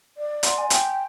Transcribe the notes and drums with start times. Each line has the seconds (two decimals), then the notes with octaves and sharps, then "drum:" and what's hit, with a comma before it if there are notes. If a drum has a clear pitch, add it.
0.18 D5
0.43 F#5 A#5 C6, drum: hi-hat
0.58 G#5
0.70 G5, drum: hi-hat